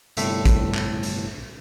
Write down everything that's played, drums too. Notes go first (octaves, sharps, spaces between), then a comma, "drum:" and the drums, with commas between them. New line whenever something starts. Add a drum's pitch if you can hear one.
G1 C2 A2 A3 A4 B6, drum: hi-hat
drum: kick, hi-hat
drum: clap
drum: hi-hat